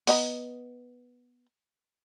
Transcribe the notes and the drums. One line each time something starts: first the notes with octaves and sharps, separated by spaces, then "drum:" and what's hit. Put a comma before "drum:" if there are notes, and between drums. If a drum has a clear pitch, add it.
B3 D#5 A#5, drum: open hi-hat